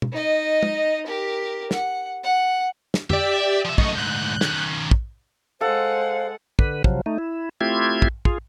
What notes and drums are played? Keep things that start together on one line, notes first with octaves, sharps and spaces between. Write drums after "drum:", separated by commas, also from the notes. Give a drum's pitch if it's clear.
drum: tom
D#4 D#5
drum: tom
G4 A#4
F#5, drum: snare
F#5
drum: snare
G4 D5 E5, drum: tom
F3 E5
F#2 A3 D#5 C#6 D#6, drum: kick
D2 G#2 F#6 G6
D#3 C#4, drum: snare
drum: kick
G#3 A4 C5 F5 F#5
D3 B4, drum: kick
C3 F3 F#3, drum: kick
A3 D#4
E4
A3 C4 E4 F4 G4 G#6
drum: kick
F4 G#4, drum: kick